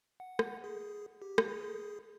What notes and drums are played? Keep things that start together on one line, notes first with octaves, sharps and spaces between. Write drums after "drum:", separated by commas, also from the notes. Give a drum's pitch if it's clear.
F#5
drum: rim click
G#4
G4
drum: rim click
G#4